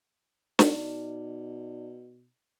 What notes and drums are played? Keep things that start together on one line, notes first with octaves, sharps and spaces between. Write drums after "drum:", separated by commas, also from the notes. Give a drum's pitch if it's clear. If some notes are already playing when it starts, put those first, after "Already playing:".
B2 D#4 D5, drum: snare